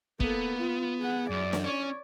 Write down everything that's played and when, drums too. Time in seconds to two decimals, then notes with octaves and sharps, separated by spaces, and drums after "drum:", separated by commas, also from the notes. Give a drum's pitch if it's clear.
0.20 A#3 B3 A4, drum: kick
0.59 F4
0.99 G#4 F#5
1.30 F#2 D5
1.53 drum: snare
1.64 C#4 C#5 D5